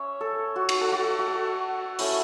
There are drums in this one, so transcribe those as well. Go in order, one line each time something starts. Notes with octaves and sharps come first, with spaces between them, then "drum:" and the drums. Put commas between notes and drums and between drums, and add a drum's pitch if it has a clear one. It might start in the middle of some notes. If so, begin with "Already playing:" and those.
Already playing: C#4 C#5 E5
A4
F#4
drum: cymbal
A4
F#4
F#4
A4
A3 C#4 E4, drum: open hi-hat